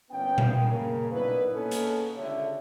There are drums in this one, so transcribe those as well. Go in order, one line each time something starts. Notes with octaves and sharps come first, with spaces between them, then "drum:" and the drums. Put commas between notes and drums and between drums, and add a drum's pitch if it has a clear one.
G1 A2 A#3 B3 C#4 G5
drum: tom A#2
C#3 A#3 A#4
B1 B3 D4 E4 B4
A#3 B3 C#4 D#4 A4
drum: hi-hat
C#2 D3 G4 A4 C#5 E5